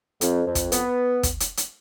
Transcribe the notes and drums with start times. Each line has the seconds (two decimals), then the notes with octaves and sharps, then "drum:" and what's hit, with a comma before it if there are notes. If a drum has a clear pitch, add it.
0.21 F2, drum: hi-hat
0.46 F2
0.55 drum: kick, hi-hat
0.72 B3, drum: hi-hat
1.23 drum: kick, hi-hat
1.40 drum: hi-hat
1.57 drum: hi-hat